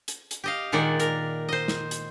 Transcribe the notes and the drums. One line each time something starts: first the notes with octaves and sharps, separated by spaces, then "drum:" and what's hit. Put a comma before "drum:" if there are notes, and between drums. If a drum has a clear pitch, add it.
drum: hi-hat
drum: hi-hat
G4 D#5 F5
A#2 D#3 G#3 A#3 D5 F#5
A#4, drum: hi-hat
C5 D#5
drum: snare
drum: hi-hat